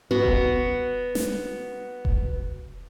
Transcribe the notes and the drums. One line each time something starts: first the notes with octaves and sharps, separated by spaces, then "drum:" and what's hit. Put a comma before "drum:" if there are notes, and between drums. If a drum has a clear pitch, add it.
B3 F#4
drum: kick E1
drum: snare
drum: kick E1